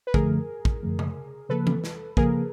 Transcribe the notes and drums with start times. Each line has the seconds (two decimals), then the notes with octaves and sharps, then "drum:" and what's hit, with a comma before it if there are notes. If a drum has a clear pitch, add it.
0.07 B4
0.14 F#2 D3 F3 A3 G#4 A#4, drum: kick
0.65 drum: kick
0.83 F#2 D3 F3 A3
0.99 drum: tom C#3
1.49 C#3 F3 A#3 A4 B4
1.67 drum: tom E3
1.84 drum: snare
2.17 C#3 F3 A#3 G#4 A#4, drum: kick